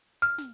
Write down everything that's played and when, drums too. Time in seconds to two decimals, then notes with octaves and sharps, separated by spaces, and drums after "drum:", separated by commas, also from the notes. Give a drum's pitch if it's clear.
0.22 F6, drum: open hi-hat
0.38 drum: snare